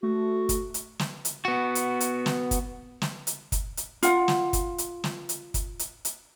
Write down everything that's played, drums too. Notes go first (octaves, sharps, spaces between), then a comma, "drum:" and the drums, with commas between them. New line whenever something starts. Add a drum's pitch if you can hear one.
A3 F#4
drum: kick, hi-hat
drum: hi-hat
drum: snare
drum: hi-hat
B3 F#4
drum: hi-hat
drum: hi-hat
drum: snare
drum: kick, hi-hat
drum: snare
drum: hi-hat
drum: kick, hi-hat
drum: hi-hat
F4 F#5, drum: hi-hat
drum: snare
drum: kick, hi-hat
drum: hi-hat
drum: snare
drum: hi-hat
drum: kick, hi-hat
drum: hi-hat
drum: hi-hat